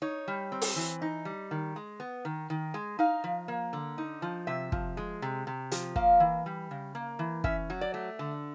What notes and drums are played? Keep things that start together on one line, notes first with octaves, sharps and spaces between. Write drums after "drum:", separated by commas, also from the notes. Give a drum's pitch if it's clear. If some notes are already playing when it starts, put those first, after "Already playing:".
D#4 C#5
G3
C4
drum: open hi-hat
E3
D#4
G3
D#3
G#3
B3
D#3
D#3
G#3
D#4 F5
F3
A#3
D3
D#4
F3
C3 E5
F3, drum: kick
G#3
C3
C3
F3, drum: hi-hat
A#3 F5, drum: kick
E3
G3
C#3
A#3
E3
C#4 E5, drum: kick
F#3
D5
A3
D3